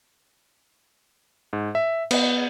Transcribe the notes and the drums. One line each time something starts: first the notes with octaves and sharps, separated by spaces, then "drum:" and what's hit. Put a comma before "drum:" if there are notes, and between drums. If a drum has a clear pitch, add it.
G#2
E5
B3, drum: cymbal